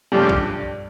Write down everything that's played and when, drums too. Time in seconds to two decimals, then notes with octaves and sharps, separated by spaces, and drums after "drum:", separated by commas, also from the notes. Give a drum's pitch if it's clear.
0.12 G2 C#3 F3 A3 D4 G4
0.29 drum: kick B1